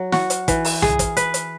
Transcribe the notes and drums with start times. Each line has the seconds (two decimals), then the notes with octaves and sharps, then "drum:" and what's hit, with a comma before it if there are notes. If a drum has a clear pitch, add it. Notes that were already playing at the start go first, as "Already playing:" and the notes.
Already playing: F#3
0.12 F#4, drum: snare
0.30 drum: hi-hat
0.48 E3, drum: kick, hi-hat
0.65 drum: open hi-hat
0.82 G#4, drum: tom C2
0.99 drum: kick, hi-hat
1.17 B4, drum: hi-hat
1.34 drum: hi-hat